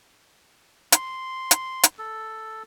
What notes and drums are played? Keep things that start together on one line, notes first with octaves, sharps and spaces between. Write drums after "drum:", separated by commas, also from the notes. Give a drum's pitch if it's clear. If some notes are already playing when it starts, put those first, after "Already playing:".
C6, drum: hi-hat
drum: hi-hat
drum: hi-hat
A4